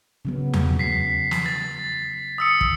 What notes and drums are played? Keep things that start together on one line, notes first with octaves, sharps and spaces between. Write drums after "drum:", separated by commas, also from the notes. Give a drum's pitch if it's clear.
C#3 F#3 B3
drum: tom E2
B6 C7
drum: snare
A6
D#6 E6 C#7
drum: kick